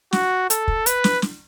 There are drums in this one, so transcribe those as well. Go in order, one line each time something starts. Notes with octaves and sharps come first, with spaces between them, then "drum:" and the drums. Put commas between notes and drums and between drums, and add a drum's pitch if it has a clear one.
F#4, drum: snare
A4, drum: hi-hat
drum: kick
B4, drum: hi-hat
drum: snare
drum: snare